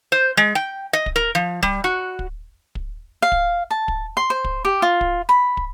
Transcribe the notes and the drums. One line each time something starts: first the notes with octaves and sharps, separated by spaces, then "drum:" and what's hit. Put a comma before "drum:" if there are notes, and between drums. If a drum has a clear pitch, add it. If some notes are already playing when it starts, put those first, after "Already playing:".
C5
G#3
G5
D#5
drum: kick
A#4
F3
G3, drum: kick
F#4
drum: kick
drum: kick
F5
drum: kick
A5
drum: kick
C6
C5
drum: kick
G4
F4
drum: kick
B5
drum: kick